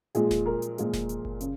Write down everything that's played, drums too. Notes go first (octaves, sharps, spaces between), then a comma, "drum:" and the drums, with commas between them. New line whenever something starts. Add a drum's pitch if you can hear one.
A#2 F3 G#3 G#4, drum: hi-hat
drum: snare E1
A#4
drum: hi-hat
A#2 F3 G#3, drum: hi-hat
drum: snare E1
drum: hi-hat
drum: kick F#1
C#3, drum: hi-hat